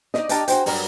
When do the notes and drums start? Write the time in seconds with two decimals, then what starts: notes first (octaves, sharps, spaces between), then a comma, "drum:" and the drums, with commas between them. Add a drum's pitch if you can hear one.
0.14 D#4 D5 D#5, drum: snare
0.29 D4 G4 D#5 F5 A5 A#5, drum: hi-hat
0.48 F#4 G#4 C5 G5, drum: hi-hat
0.66 G2 F#3 G3 A#4 A#5, drum: open hi-hat